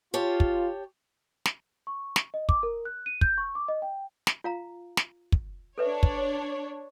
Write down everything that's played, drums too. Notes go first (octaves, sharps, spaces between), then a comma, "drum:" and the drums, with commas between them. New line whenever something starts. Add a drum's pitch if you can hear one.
F4 G4 C#5 A5
drum: kick
drum: snare
C#6
drum: snare
D#5
D6, drum: kick
A#4
F#6
D#7
G6, drum: kick
C#6
D6
D#5
G5
drum: snare
F4 F5 A#5
drum: snare
drum: kick
D4 A4 B4 C#5 E5
drum: kick